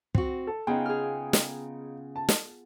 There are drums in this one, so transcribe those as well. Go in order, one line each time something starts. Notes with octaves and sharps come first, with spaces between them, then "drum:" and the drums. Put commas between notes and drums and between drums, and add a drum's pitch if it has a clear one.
C4 F#4, drum: kick
A4
C#3 B3 D#4 F4 G#4 G5
G#4 F6
drum: snare
A5
drum: snare